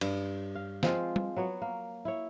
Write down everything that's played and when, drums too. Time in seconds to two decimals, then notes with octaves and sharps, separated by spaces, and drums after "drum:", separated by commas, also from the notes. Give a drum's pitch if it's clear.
0.01 G2, drum: cymbal
0.55 F5
0.83 F3 G#3 C4 F4, drum: snare
1.16 drum: tom
1.36 F#3 B3 C#5
1.62 A#3
2.05 E4 C#5